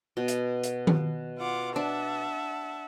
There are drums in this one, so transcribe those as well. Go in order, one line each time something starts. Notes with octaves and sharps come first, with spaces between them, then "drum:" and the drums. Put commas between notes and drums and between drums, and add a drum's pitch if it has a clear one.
B2
drum: hi-hat
drum: hi-hat
drum: tom D#3
F4 F#5 D6
D4 E5 F#5 A5